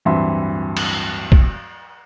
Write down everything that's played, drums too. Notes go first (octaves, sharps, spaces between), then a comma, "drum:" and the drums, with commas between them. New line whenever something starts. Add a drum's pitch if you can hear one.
D1 G2 E3 C4 E5 C6
drum: cymbal
drum: kick B1